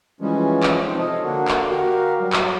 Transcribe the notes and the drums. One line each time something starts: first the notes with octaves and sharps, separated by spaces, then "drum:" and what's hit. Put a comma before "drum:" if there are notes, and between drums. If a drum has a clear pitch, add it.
E3 F3 G3 G#3 C#4
drum: clap
C3 F3 C4 D#4 C5
A4 C#5 D#5 F5
D3 A#3 D4 F#4
drum: clap
F#4 G4 A#4 F5
F#3 G3
drum: clap